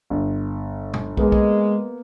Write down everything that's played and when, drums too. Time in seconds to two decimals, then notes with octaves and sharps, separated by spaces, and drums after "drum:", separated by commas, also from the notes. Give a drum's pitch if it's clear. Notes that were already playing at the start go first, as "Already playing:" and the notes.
0.10 G1
0.94 drum: tom
1.17 G#3 A#3 B3, drum: kick
1.32 drum: kick